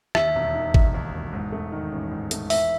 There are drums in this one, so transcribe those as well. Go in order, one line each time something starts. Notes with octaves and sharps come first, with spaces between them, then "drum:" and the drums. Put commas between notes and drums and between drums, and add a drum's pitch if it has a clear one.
D#2 E5, drum: rim click
E1
D#3
E1, drum: kick
D#2
E1
G#2
A3
D#3
A1
G#2
A3, drum: hi-hat
E2 E5, drum: open hi-hat